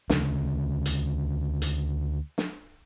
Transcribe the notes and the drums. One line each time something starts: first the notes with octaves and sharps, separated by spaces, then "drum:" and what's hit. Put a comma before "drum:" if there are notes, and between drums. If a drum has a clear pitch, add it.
D2 C#3, drum: snare
drum: hi-hat
drum: hi-hat
drum: snare